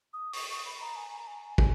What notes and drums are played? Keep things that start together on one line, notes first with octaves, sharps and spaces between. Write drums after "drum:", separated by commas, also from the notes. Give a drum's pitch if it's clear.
D#6
C#6, drum: open hi-hat
C#6
B5
A#5
G#5
A#5
G#5
G#5, drum: kick